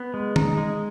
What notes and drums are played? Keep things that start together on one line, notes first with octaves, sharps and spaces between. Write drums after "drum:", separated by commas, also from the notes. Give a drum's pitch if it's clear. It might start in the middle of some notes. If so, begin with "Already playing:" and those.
Already playing: B3
G#3
D#4, drum: tom
G#3